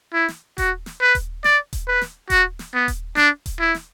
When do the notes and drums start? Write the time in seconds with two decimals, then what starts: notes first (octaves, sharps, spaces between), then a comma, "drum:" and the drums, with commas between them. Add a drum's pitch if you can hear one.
0.14 E4
0.28 drum: snare
0.58 F#4, drum: kick D#1, hi-hat
0.86 drum: snare
1.01 B4
1.15 drum: kick D#1, hi-hat
1.44 D5, drum: snare
1.73 drum: kick D#1, hi-hat
1.88 B4
2.01 drum: snare
2.30 F#4, drum: kick D#1, hi-hat
2.59 drum: snare
2.74 B3
2.88 drum: kick D#1, hi-hat
3.16 D4, drum: snare
3.46 drum: kick D#1, hi-hat
3.60 E4
3.75 drum: snare